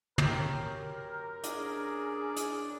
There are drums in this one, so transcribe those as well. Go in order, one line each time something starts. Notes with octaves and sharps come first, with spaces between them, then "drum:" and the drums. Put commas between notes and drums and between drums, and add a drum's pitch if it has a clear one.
F#2 G4 A#4 C#6, drum: tom
D4 G#4, drum: hi-hat
drum: hi-hat